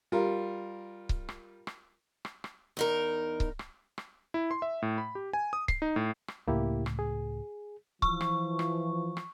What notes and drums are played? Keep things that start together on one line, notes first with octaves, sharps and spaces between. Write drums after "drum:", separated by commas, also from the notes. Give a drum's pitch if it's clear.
G3 F4 A#4
drum: kick C#1
drum: rim click
drum: rim click
drum: rim click
drum: rim click
E2 D#4 A#4
drum: kick C#1
drum: rim click
drum: rim click
E4
C6
E5
A2
B5
G4
G#5
D#6
C7, drum: kick C#1
D#4
A2
drum: rim click
C#2 A2 A#3 E4 G4
drum: rim click
G#4
E3 F3 C#6, drum: kick C#1
drum: rim click
drum: rim click
drum: rim click